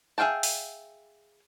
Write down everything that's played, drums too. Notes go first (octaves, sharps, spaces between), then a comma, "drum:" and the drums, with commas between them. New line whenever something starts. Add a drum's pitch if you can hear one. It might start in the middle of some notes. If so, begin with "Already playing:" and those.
G#4 E5 F5 G5 A5
drum: open hi-hat